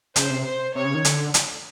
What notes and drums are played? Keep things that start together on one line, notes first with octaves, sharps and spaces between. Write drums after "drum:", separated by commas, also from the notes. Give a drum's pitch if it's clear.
C#3 C5, drum: hi-hat
C3
C5
C3 C#5
C#3
D#3
D3, drum: hi-hat
drum: hi-hat